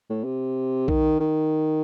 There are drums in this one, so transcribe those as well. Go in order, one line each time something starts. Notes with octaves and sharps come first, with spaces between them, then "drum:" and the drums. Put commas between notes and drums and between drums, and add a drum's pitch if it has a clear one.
A2
C3
D#3, drum: kick A#1
D#3